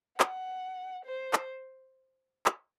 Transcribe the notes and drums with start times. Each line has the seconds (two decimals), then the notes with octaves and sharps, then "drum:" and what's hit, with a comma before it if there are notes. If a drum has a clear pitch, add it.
0.20 F#5, drum: clap
1.06 C5
1.33 drum: clap
2.46 drum: clap